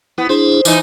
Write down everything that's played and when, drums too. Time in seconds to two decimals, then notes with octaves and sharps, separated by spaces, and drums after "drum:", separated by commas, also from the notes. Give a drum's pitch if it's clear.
0.18 B3 E4
0.29 D4 E4 G#4 C5
0.65 E3 D#4, drum: tambourine